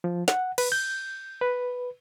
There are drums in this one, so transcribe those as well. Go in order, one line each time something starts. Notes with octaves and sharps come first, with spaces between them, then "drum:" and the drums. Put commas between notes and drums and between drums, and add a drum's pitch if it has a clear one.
F3
F#5, drum: snare
B4, drum: cymbal
G6
B4